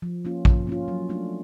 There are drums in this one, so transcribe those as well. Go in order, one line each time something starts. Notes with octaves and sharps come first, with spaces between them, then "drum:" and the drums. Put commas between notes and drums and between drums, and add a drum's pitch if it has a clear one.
F3
A#3 C#4 F4
F3, drum: kick A#1
A#3 C#4 F4
F#3
A3 D4